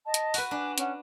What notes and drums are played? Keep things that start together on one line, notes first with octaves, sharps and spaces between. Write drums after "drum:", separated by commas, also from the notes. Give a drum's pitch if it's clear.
D#5 A5
drum: hi-hat
F#4 B4, drum: open hi-hat
D4 G#5 D6
C#4 F#5, drum: hi-hat